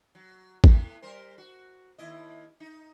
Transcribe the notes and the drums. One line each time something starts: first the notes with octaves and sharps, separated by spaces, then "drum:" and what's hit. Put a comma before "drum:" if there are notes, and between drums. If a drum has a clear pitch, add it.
F#3
A2 B3, drum: kick A1
G3 A#4 C5
F#4
D#2 E4 D#5
D#4